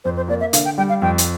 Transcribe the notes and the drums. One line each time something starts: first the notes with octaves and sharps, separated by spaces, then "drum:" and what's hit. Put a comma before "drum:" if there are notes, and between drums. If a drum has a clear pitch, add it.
F2 C5
C5
A#3 D5
E5
D3 F5, drum: hi-hat
G5
G3 G5
F5
F2 G5
drum: hi-hat